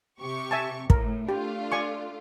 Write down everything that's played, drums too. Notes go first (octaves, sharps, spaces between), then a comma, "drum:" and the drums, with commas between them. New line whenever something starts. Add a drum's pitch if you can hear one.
C3 G4 C#6
E5 G#5 A5
A2 A#4, drum: kick
A3 D4 F4 G4
D5 G#5 C#6